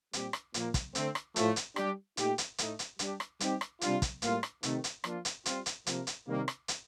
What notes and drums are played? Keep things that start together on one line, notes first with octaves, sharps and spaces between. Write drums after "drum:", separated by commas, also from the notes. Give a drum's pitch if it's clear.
A#2 G3 C4 G4, drum: hi-hat
drum: rim click
A#2 F3 A#3, drum: hi-hat
drum: kick, hi-hat
D3 A3 C4, drum: hi-hat
drum: rim click
A2 F3 A3, drum: hi-hat
drum: hi-hat
G3 D4 G4, drum: rim click
A#2 A3 D#4 G4, drum: hi-hat
drum: hi-hat
A2 A3 D#4, drum: hi-hat
drum: hi-hat
G3 D4 G4, drum: hi-hat
drum: rim click
G3 C4 D#4 G4, drum: hi-hat
drum: rim click
C3 G3 D4 F4, drum: hi-hat
drum: kick, hi-hat
A2 G3 A#3 F4, drum: hi-hat
drum: rim click
C3 D#3 A3, drum: hi-hat
drum: hi-hat
F3 A#3 D4 F4, drum: rim click
drum: hi-hat
G3 C4 F4, drum: hi-hat
drum: hi-hat
C3 F3 A#3, drum: hi-hat
drum: hi-hat
C3 D#3 G3 A#3
drum: rim click
drum: hi-hat